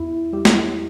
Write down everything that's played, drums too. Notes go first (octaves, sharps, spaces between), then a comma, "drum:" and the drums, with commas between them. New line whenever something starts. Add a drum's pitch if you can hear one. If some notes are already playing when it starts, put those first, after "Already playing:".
Already playing: E2 E4
G3 G4
drum: snare